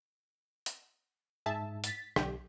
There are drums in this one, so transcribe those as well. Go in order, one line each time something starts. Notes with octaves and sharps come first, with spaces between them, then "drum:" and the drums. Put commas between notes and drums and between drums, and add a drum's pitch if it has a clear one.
drum: hi-hat
G#2 G#4 E5 A5
A6 B6, drum: hi-hat
B1 D3 G4, drum: rim click